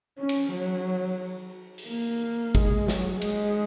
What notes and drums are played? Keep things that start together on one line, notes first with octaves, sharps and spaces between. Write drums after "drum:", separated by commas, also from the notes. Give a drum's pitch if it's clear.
C#4
drum: cymbal
F#3
drum: open hi-hat
A#3
G#3, drum: kick G#1
F#3, drum: snare
G#3, drum: cymbal